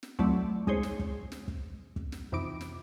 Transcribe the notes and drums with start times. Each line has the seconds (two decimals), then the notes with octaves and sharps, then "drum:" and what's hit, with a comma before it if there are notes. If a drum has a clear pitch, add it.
0.03 drum: snare
0.19 F#3 A3 C4 E4 D5, drum: kick
0.67 G#3 D#4 G#4 C5 C#5, drum: kick
0.83 drum: snare
0.99 drum: kick
1.32 drum: snare
1.48 drum: kick
1.96 drum: kick
2.12 drum: snare
2.32 F2 C3 E3 D#4 D6 D7
2.61 drum: snare